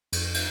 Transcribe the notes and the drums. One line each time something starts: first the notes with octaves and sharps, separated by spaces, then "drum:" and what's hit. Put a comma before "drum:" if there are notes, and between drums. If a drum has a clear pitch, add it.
F2, drum: cymbal
drum: cymbal